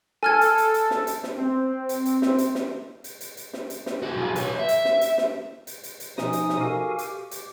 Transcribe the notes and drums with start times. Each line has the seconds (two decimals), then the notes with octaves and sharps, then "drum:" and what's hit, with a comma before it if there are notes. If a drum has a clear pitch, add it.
0.23 A4 G#5 F6 G#6
0.41 drum: hi-hat
0.58 drum: hi-hat
0.74 drum: hi-hat
0.91 drum: snare
1.07 drum: hi-hat
1.23 drum: snare
1.38 C4
1.89 drum: hi-hat
2.06 drum: hi-hat
2.22 drum: snare
2.38 drum: hi-hat
2.55 drum: snare
3.04 drum: hi-hat
3.21 drum: hi-hat
3.37 drum: hi-hat
3.53 drum: snare
3.70 drum: hi-hat
3.86 drum: snare
4.03 F#4 G#4
4.15 B1 G#4
4.36 B4 C#5, drum: hi-hat
4.59 E5
4.68 drum: hi-hat
4.85 drum: snare
5.01 drum: hi-hat
5.18 drum: snare
5.67 drum: hi-hat
5.83 drum: hi-hat
6.00 drum: hi-hat
6.18 B2 F3 D#4 D#5 G#5 D#6, drum: snare
6.33 drum: hi-hat
6.49 drum: snare
6.61 F#4 G4 A4 A#4 F5 G#5
6.99 drum: hi-hat
7.09 G4
7.31 drum: hi-hat